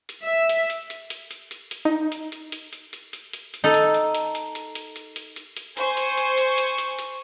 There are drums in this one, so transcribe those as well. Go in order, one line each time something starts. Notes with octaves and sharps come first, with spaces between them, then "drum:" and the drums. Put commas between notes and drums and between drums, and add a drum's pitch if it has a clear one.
drum: hi-hat
E5
drum: hi-hat
drum: hi-hat
drum: hi-hat
drum: hi-hat
drum: hi-hat
drum: hi-hat
drum: hi-hat
D#4
drum: hi-hat
drum: hi-hat
drum: hi-hat
drum: hi-hat
drum: hi-hat
drum: hi-hat
drum: hi-hat
drum: hi-hat
D#4 A4
drum: hi-hat
drum: hi-hat
drum: hi-hat
drum: hi-hat
drum: hi-hat
drum: hi-hat
drum: hi-hat
drum: hi-hat
drum: hi-hat
drum: hi-hat
C5 G#5 C#6, drum: hi-hat
drum: hi-hat
drum: hi-hat
drum: hi-hat
drum: hi-hat
drum: hi-hat
drum: hi-hat